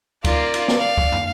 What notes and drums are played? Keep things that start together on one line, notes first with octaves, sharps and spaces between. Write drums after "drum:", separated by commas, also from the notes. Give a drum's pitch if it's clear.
A#3 F4 D5, drum: kick, cymbal
drum: cymbal
drum: snare B4
F5
drum: kick
drum: tom